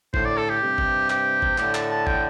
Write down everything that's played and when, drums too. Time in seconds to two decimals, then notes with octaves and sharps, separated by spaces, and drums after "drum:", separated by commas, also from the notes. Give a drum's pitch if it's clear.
0.14 A2 D3 C5, drum: kick
0.25 D5
0.37 A4
0.50 G4
0.62 G2 C3
0.78 drum: kick
1.10 G4, drum: clap
1.42 drum: kick
1.58 A2 D3 G4, drum: clap
1.75 A5, drum: clap
1.90 A5
2.07 G5, drum: kick